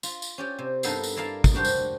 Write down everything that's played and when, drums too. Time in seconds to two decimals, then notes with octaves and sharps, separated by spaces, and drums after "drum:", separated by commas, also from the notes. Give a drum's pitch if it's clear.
0.03 F4, drum: tambourine
0.22 drum: tambourine
0.38 C#4 G4 D5
0.59 C3
0.83 G2 B3 D#4 A4 A#4 F5, drum: tambourine
1.04 drum: tambourine
1.16 E4 A#4 D5 F5 A5
1.44 drum: kick, tambourine
1.55 D4 F#4 G4 C5
1.65 drum: tambourine